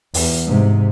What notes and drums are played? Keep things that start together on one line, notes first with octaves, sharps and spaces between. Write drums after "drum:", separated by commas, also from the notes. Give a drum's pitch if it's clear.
E2, drum: open hi-hat
G#2 C3